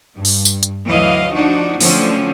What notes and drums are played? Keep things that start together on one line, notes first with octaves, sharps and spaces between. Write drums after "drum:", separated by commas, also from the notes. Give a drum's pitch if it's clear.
G2
drum: open hi-hat
drum: tambourine
drum: hi-hat
D2 E3 F#3 D#5 F5
F3 D4 D#4 F#4
D3 F3 F#3 A3 C4 C#4, drum: open hi-hat